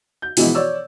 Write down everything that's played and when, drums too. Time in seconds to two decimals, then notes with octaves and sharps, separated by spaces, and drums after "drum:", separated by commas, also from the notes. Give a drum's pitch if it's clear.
0.22 G6
0.37 B2 E3 F3 G#3 B3 E4, drum: open hi-hat
0.55 C#5 D5 E6